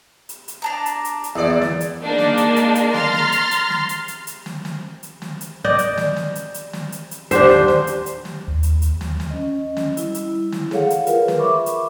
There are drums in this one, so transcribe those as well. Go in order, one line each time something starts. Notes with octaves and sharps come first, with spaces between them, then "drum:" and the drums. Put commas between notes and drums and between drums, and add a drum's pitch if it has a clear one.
drum: hi-hat
drum: hi-hat
D4 A5 A#5
drum: hi-hat
drum: hi-hat
drum: hi-hat
E2 A#2 D5
drum: snare
drum: hi-hat
G#3 A#3 D4 D#4
drum: snare
drum: hi-hat
drum: hi-hat
drum: hi-hat
A#5 C6 F6 A6, drum: snare
drum: snare
drum: hi-hat
drum: hi-hat
drum: snare
drum: hi-hat
drum: hi-hat
drum: hi-hat
drum: snare
drum: snare
drum: hi-hat
drum: snare
drum: hi-hat
D5 D#5 G6
drum: hi-hat
drum: snare
drum: snare
drum: hi-hat
drum: hi-hat
drum: snare
drum: hi-hat
drum: hi-hat
D#1 D4 G4 C5 E5 C7, drum: hi-hat
drum: snare
drum: snare
drum: hi-hat
drum: hi-hat
drum: snare
D#2
drum: hi-hat
drum: hi-hat
drum: snare
drum: snare
C#4 D#5
drum: snare
G3 E4, drum: hi-hat
drum: hi-hat
drum: snare
G#4 A4 C#5 F5 F#5, drum: snare
drum: hi-hat
F4 A#4 B4, drum: hi-hat
drum: snare
E5 B5 C#6 D6
drum: hi-hat